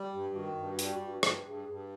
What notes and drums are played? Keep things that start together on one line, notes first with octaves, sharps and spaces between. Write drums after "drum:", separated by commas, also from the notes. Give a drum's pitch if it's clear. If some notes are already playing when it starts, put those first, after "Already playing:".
Already playing: G3
G2 G4
D#3 F#4
G2
G3, drum: hi-hat
G2
G2, drum: rim click
G2 G#4
G2 G#4
G4